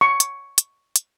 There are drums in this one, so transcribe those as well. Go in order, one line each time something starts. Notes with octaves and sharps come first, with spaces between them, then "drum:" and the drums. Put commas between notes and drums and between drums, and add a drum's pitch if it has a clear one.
C#6
drum: hi-hat
drum: hi-hat
drum: hi-hat